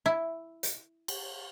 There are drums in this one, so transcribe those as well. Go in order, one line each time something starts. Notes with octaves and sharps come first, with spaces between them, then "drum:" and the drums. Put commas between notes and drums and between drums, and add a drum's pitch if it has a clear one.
E4
drum: hi-hat
drum: cymbal